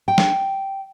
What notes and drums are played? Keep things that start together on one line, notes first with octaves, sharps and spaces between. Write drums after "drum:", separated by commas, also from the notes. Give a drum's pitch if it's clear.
G5
drum: snare